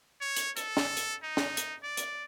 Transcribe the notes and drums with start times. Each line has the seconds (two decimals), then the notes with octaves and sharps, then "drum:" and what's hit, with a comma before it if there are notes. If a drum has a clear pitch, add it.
0.21 C#5
0.36 drum: hi-hat
0.57 A4, drum: hi-hat
0.77 drum: snare
0.97 drum: hi-hat
1.23 D#4
1.37 drum: snare
1.57 drum: hi-hat
1.83 D5
1.97 drum: hi-hat